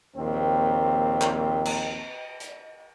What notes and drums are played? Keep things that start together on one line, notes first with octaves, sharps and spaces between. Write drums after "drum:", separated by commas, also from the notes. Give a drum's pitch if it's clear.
A#1 D#2 C4
drum: clap
drum: cymbal
drum: hi-hat